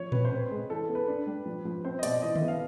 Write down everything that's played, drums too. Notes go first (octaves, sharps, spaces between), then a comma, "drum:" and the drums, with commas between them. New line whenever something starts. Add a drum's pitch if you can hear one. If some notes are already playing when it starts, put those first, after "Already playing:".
Already playing: F3 C#5
C3 B4, drum: tom A2
C5
C4 B4
G#3
E3 A4
B3
B4
D4
G3
F3
F3
C4 C5
D#5
B2 D5, drum: hi-hat
E3 D#5
E5, drum: tom D3
B3
F5